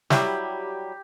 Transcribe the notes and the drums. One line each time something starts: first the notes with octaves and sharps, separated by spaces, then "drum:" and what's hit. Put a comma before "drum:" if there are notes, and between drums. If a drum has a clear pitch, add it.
F#3 G3 E4 G4, drum: snare